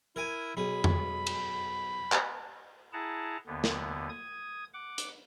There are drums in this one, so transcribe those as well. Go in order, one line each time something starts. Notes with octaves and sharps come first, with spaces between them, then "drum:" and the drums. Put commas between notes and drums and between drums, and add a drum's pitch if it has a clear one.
E4 A#4 G#5
B1 G#4 B5
drum: tom F2
drum: cymbal
drum: clap
E4 G#4 F#5 A5 A#5
D#2 D3 B3
drum: snare
D#6 G#6
F#5 D6
drum: hi-hat